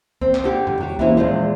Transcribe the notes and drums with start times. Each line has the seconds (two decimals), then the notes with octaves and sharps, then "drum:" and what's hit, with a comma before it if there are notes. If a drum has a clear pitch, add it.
0.21 C4, drum: kick C#2
0.35 drum: clap
0.44 D3 G4
0.67 drum: tom
0.80 F#3 G4
0.99 E3 A#3 C4 C#4 E4 F#4, drum: kick C#2
1.17 E2 A#2 F3 G#3